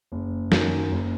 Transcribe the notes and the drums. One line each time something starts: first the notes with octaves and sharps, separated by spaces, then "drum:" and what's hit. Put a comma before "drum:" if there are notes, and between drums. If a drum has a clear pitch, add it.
F#1
F#2 D#3, drum: snare
F#1